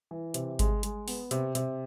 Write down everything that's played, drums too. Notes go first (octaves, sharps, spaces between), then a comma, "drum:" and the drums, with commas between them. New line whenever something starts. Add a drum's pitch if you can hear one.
E3
C3, drum: hi-hat
G#3, drum: kick G#1, hi-hat
G#3, drum: hi-hat
B3, drum: open hi-hat
C3, drum: hi-hat
C3, drum: hi-hat